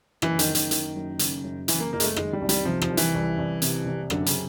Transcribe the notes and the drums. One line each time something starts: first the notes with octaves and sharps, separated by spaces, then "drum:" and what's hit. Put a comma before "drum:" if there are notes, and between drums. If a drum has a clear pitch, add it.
F#1 E3, drum: rim click
D#3, drum: hi-hat
F#1
D#3, drum: hi-hat
F#1, drum: hi-hat
F#2
C#3, drum: hi-hat
F#2
C#3 E3, drum: hi-hat
A#3
F#1 A#3
G#3, drum: hi-hat
A3
D#3 G#3, drum: rim click
G3
C2
G3, drum: hi-hat
C3 F3
F3, drum: rim click
C2
E3, drum: hi-hat
C2
C2
C3, drum: hi-hat
C3
F#2 D3, drum: rim click
C#3, drum: hi-hat